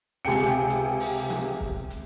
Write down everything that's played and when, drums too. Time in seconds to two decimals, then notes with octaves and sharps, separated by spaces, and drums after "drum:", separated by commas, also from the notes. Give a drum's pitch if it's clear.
0.25 C#2 C3 G#4 G5 C#7
0.40 drum: hi-hat
0.70 drum: hi-hat
1.00 drum: open hi-hat
1.30 drum: snare
1.60 drum: kick
1.90 drum: hi-hat